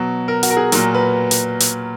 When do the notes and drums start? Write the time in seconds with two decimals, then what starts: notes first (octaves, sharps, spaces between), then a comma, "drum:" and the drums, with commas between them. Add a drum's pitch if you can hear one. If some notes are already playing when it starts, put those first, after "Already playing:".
Already playing: B2 F#3
0.28 A#4
0.43 F#4, drum: hi-hat
0.51 A#4
0.57 G#4
0.72 A#2 F#3 A#4, drum: hi-hat
0.94 B4
1.31 drum: hi-hat
1.60 drum: hi-hat